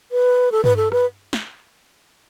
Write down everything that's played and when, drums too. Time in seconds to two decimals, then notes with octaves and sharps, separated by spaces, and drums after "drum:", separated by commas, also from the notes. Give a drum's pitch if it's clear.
0.12 B4
0.52 A4
0.64 B4, drum: tom G2
0.77 A4
0.92 B4, drum: rim click
1.33 drum: snare